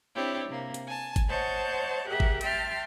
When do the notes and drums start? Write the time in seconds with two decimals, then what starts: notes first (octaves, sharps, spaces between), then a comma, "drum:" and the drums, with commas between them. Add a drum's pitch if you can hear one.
0.14 C4 D4 E4 G4 C#5
0.48 C3 A#3
0.74 drum: hi-hat
0.87 G#5 A5
1.16 drum: kick G1, hi-hat
1.28 C5 C#5 D#5 F#5 A5 G6
2.07 G4 G#4 A#4 E5 F#5
2.20 drum: kick G1
2.41 E5 G5 A5 C6 F6, drum: hi-hat